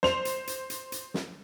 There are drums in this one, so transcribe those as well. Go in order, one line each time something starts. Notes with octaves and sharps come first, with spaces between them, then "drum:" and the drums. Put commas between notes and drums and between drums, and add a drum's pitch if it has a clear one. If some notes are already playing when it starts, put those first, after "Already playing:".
C5 F7, drum: snare
drum: hi-hat
drum: hi-hat
drum: hi-hat
drum: hi-hat
drum: snare